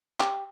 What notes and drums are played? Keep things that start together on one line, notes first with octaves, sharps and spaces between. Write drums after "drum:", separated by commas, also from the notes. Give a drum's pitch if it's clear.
G4, drum: clap